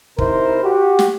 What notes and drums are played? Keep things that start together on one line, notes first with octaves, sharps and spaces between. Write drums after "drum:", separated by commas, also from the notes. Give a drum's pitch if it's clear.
C3 D#4 E4 A#4 C5, drum: kick
F#4 G4
drum: snare